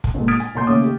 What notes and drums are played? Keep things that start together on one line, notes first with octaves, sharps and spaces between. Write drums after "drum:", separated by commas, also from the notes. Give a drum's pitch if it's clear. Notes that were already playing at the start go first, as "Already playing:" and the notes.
drum: kick, hi-hat
G1 A#2 G#3
D#6 F6 G#6 A6 B6 D7
G#5, drum: hi-hat
B1 A#3 C6 G6
D#2 C#3 A3 C#5 D6 D#6
G4